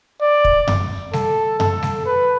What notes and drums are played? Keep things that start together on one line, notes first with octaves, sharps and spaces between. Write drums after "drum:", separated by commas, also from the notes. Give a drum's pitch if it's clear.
D5
drum: kick
drum: tom F#2
A4, drum: snare G3
A4, drum: tom F#2
drum: snare G3
B4